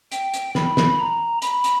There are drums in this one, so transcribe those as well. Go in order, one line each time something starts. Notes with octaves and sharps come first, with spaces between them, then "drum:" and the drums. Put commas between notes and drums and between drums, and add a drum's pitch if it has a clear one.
G5, drum: hi-hat
drum: hi-hat
B5, drum: snare
drum: snare
A#5
B5, drum: hi-hat
drum: hi-hat